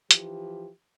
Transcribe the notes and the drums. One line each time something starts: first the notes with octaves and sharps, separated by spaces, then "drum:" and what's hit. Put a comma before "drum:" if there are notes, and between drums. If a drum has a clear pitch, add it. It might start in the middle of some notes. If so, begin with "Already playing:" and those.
E3 F3 G4, drum: hi-hat